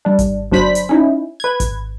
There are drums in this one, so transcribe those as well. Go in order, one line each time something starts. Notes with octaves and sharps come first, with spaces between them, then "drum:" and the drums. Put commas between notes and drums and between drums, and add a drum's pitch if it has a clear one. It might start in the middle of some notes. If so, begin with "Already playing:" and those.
G3 D4
drum: kick G#1, hi-hat
G1 F#3 D4 C5 B5 B6
drum: hi-hat
C#4 D#4 E4
B4 G#6
drum: kick G#1, hi-hat